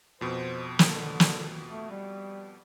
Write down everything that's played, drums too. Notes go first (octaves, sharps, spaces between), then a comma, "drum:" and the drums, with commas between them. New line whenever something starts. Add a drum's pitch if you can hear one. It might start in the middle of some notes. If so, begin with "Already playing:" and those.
F2 B2 C5
D3, drum: snare
drum: snare
A3
G3